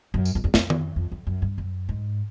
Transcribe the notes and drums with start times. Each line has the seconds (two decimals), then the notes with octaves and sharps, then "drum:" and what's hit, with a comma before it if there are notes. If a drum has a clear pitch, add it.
0.14 F#2
0.25 drum: tambourine
0.35 F2
0.44 E2
0.54 F2, drum: snare
0.70 drum: tom D#3
0.96 F2
1.12 F2
1.27 F#2
1.42 G2
1.58 F#2
1.89 G#2